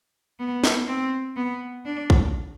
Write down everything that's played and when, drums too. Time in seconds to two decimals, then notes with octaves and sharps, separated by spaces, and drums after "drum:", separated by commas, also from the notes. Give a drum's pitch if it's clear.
0.39 B3
0.64 drum: snare
0.88 C4
1.36 B3
1.85 D4
2.10 drum: kick A#1